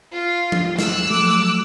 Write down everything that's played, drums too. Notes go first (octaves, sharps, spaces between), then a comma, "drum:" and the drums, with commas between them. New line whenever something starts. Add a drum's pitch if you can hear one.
F4
drum: tom F3
E6 F#6, drum: snare
F3 F#3 A3 D6